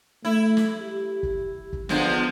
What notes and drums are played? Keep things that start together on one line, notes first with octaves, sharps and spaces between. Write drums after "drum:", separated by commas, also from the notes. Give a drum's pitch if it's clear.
A3 E4
drum: snare
G4
drum: kick
drum: kick
D3 F3 G#3 B3, drum: snare